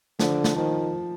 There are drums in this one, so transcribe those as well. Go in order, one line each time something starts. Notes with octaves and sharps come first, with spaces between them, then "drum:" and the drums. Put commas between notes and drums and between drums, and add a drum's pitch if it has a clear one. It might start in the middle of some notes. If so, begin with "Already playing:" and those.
D3 F3, drum: snare
drum: snare
D#3 F3